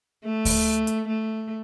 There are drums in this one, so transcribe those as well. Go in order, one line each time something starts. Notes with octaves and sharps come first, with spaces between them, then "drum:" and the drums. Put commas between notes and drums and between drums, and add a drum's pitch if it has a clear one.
A3
drum: kick D2, open hi-hat
drum: hi-hat
A3